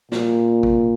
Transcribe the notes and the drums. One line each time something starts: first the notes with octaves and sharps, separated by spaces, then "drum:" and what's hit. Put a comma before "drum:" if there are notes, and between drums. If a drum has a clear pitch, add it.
A#2, drum: snare
drum: kick A1